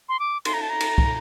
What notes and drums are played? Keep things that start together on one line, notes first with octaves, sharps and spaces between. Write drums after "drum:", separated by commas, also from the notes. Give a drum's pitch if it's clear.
C6
D6
C6, drum: cymbal
A#5
A5
A#5
drum: cymbal
drum: kick